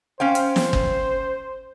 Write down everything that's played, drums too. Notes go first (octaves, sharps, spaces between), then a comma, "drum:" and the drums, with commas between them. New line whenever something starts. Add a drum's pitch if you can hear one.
C#4 C5 F5 G5
drum: hi-hat
drum: snare
drum: kick